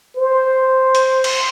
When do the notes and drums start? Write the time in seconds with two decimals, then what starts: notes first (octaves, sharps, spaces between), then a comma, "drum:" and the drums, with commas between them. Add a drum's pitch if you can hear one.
0.16 C5
0.95 drum: hi-hat
1.24 drum: cymbal